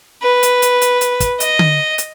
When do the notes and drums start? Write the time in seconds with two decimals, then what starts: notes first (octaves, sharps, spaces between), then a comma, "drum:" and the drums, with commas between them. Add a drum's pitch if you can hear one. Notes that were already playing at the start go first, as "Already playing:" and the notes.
0.23 B4
0.43 drum: hi-hat
0.62 drum: hi-hat
0.81 drum: hi-hat
1.01 drum: hi-hat
1.20 drum: kick, hi-hat
1.40 D#5, drum: hi-hat
1.59 drum: tom D3
1.98 drum: hi-hat